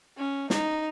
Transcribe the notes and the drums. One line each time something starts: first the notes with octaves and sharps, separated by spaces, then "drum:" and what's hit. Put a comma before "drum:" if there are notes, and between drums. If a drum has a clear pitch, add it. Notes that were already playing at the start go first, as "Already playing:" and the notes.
C#4
D#4, drum: snare